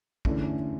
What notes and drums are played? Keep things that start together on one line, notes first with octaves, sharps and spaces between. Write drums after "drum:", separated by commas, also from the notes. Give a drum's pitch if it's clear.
E2 D3 A3 C#4, drum: kick